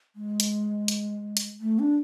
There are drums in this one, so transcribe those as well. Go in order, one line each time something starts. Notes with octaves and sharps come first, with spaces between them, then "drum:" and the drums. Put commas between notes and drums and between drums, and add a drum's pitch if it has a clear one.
G#3
drum: hi-hat
drum: hi-hat
drum: hi-hat
A3
D4